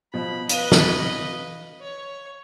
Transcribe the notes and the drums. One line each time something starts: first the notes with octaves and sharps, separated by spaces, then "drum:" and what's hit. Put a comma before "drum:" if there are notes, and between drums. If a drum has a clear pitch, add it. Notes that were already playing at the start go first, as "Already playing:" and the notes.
B2 F3 B5
B4 D#5 F5 D#7 G7, drum: hi-hat
drum: snare
C#5